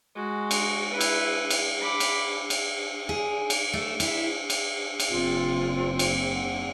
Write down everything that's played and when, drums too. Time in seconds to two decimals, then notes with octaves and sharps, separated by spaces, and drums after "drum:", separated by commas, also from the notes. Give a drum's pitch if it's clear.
0.15 G#3 F#4
0.51 drum: cymbal
0.91 E4 B4
1.01 drum: cymbal
1.50 drum: cymbal
1.81 B5 D6
2.00 drum: cymbal
2.50 drum: cymbal
3.09 G#4
3.50 drum: cymbal
3.73 A3
4.00 E4, drum: cymbal
4.50 drum: cymbal
5.00 drum: cymbal
5.10 F#1 C4 F4
5.99 drum: cymbal
6.34 F#5